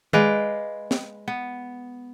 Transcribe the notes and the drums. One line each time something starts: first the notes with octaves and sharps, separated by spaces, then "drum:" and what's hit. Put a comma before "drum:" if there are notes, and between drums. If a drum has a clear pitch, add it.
G#3 B4 D5 F5, drum: tom D#3
drum: snare
B3